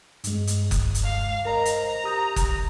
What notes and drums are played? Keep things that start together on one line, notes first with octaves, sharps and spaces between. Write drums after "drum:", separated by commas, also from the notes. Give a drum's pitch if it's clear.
G2 G#3, drum: hi-hat
drum: hi-hat
drum: kick F#1, hi-hat
drum: hi-hat
F5
A#4 C5 D#5 A#5
drum: hi-hat
G4 D#6 G6
drum: kick F#1, hi-hat